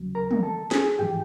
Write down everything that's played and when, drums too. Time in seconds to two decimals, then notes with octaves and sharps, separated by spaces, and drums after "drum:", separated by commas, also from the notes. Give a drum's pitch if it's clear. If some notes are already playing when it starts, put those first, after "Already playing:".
Already playing: D#2 C#3 F#3
0.15 A#4 A#5
0.31 drum: tom
0.43 A4 A5
0.71 G#4 G#5, drum: snare
0.99 G#2 E3 G4 G5